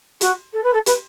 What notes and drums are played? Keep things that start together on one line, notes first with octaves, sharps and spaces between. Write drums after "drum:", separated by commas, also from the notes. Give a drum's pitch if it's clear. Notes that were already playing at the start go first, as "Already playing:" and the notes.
F#4, drum: hi-hat
A4
B4
A4
B4, drum: hi-hat